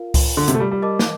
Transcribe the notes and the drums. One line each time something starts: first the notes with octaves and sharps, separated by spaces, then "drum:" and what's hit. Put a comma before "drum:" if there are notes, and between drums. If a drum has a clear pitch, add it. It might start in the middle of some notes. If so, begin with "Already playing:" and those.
Already playing: F4 A#4 F5
drum: kick C#2, open hi-hat
D3
C3, drum: hi-hat
A3
G3
G3
A#4 D#5 A5 D6
drum: snare